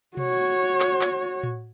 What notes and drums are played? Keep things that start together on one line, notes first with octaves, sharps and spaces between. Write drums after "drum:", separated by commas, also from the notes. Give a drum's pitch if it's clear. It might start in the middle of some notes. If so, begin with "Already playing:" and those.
F#4 C#5, drum: tom B2
drum: clap
drum: clap
drum: tom A2